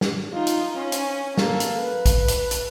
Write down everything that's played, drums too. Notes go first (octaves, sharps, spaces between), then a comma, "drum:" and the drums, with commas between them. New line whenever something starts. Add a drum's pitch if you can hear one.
drum: snare
D#4 F4
drum: hi-hat
C#4
drum: hi-hat
A#3 A4, drum: snare
drum: hi-hat
B4
drum: kick, hi-hat
drum: hi-hat
drum: hi-hat